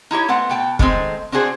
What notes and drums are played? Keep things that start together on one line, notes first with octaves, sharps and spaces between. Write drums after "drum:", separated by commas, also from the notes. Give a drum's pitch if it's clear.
D#4 E4 G4 C#5
A3 B3 C4 F#5
B2 G5 A5
D3 D#3 G#3 A3 C4, drum: kick
C4 D4 F#4 G#4 C5